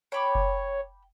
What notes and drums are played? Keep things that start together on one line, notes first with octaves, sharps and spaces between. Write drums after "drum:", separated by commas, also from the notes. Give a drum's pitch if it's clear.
C#5 G5 B5 D6
drum: kick F#1